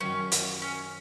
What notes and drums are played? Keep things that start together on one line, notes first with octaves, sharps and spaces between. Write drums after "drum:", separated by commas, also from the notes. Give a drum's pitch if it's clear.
F#2 D#3 F#3 C#4
drum: hi-hat
C#4